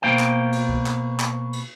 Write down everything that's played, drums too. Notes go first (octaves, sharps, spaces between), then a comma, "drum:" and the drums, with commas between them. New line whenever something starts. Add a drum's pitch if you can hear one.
B2 A#3 C5 F5 G5
drum: clap
drum: cymbal
drum: kick
drum: clap
drum: clap
drum: cymbal